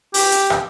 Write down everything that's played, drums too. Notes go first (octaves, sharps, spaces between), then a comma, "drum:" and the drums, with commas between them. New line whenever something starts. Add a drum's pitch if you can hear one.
G4, drum: open hi-hat
drum: hi-hat
drum: rim click